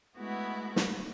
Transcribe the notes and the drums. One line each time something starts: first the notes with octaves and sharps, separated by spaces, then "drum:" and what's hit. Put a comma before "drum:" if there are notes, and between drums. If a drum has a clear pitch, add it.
G#3 A3 B3 E4 F#4
drum: snare